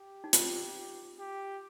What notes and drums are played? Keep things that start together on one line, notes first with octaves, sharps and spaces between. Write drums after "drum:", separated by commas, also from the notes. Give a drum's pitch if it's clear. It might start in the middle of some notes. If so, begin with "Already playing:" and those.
Already playing: G4
D#4
F4, drum: hi-hat
G4